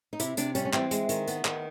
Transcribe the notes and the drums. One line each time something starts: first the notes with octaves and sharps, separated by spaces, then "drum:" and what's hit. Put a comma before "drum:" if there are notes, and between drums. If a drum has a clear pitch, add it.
D#4
C3 E4, drum: hi-hat
C3 D4, drum: hi-hat
G3 C#4, drum: hi-hat
C#4
E3 C4, drum: clap
G#3, drum: hi-hat
D#3, drum: hi-hat
B3, drum: hi-hat
D#3, drum: clap